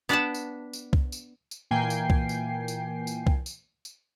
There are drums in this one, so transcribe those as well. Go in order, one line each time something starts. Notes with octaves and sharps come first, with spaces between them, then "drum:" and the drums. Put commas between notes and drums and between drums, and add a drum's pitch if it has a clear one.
B3 D4 D5 F#5 G5 A5
drum: tambourine
drum: tambourine
drum: kick C2
drum: tambourine
drum: tambourine
A#2 E3 A#3 G5 G#5 C7
drum: tambourine
drum: kick C2
drum: tambourine
drum: tambourine
drum: tambourine
drum: kick C2
drum: tambourine
drum: tambourine